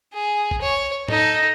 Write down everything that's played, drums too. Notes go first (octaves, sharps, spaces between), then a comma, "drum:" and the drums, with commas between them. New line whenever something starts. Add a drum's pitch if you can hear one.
G#4
drum: kick
C#5
D#4 A4, drum: tom A2